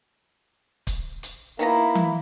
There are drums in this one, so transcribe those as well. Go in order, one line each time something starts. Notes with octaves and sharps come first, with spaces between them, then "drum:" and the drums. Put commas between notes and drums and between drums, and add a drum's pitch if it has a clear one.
drum: kick, hi-hat
drum: hi-hat
D#3 A#3 B3 E4 A#5
drum: tom E3